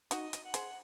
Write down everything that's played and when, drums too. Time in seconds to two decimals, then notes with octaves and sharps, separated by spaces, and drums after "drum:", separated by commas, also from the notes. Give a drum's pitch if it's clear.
0.11 D#4 F#4 D#5, drum: hi-hat
0.33 drum: hi-hat
0.44 F#5
0.54 G#4 C5, drum: hi-hat